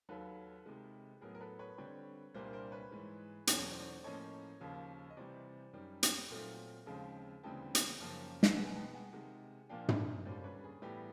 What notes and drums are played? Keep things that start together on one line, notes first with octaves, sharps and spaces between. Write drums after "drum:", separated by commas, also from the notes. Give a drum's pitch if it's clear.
D#2 D#3 F#3 A4 B4
C3 D#3 G#3
A2 F#3 B3 G#4 A#4
A#4
A4 B4
B4 C#5
D3 G3 C4 B4 C#5
C2 A#2 G3 A#3 D4 A#4 C5
A#4 C5
B4 C#5
G#2 E3 G#3
E2 B2 F#3 A3 C#4 D5, drum: hi-hat
C#5
C5 D5
A2 F3 A#3 C#4 C#5 D#5
D#2 C#3 F3 A#3
D#5
C3 E3 G3 C5 D5
F#2 D#3 G3
drum: hi-hat
A#2 F#3 A3 C4 F4
D#2 C#3 F3 G#3 C4
D2 C#3 E3 G3 C4 G5 A5
drum: hi-hat
F#2 C#3 F3 A#3 C#4
drum: snare
B2 G#3 B3 F#5 G#5
G#5
G5 A5
F#5 G#5
C3 D#3 G#3
A#2 F3 A#3 D4 F5 G5
D5 E5, drum: tom
D#2 D3 G3 A#3 C#4 C5 D5
B4 C#5
G#4
A2 E3 G3 B3 E4 G4